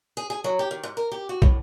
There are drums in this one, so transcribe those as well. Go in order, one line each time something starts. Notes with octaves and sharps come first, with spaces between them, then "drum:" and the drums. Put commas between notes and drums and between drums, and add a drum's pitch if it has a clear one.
G#4
G#4
F#3
G4
D#3
G#2
A#4
G4
F#4
A2, drum: kick